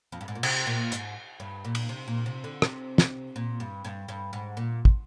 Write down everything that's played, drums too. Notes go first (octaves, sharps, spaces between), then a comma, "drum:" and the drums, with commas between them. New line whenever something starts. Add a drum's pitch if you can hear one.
F2
G2
G#2
A#2
C3, drum: cymbal
A#2
G#2, drum: hi-hat
G2
A#2
drum: cymbal
C3
A#2
C3
D3
C3, drum: rim click
drum: snare
A#2
G2
G2
G2
G#2
A#2
drum: kick